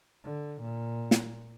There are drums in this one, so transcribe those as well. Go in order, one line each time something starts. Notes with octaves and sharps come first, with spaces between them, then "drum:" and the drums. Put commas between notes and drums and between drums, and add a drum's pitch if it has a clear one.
D3
A#2
drum: snare